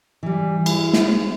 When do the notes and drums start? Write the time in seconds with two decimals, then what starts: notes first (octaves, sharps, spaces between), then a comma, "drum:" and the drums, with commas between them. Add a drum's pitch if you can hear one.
0.23 E3 G3
0.66 E4 G#4, drum: cymbal
0.93 drum: snare